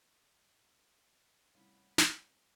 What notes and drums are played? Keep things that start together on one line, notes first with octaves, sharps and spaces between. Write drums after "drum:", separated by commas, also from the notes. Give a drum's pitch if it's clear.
A2 C3 G3 C#4 D#4 F#5 B5
drum: snare